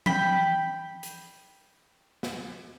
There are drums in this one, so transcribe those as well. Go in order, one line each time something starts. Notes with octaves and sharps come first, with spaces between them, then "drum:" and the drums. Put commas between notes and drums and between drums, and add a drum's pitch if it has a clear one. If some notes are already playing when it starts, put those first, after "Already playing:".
G5 B5, drum: tom E3
drum: hi-hat
drum: snare